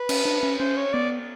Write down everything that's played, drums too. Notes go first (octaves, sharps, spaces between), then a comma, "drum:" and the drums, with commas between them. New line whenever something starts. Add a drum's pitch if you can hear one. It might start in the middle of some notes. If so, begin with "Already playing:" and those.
Already playing: B4
C#4, drum: cymbal
D4
C#4
C#4 C5
C#5
B3 D5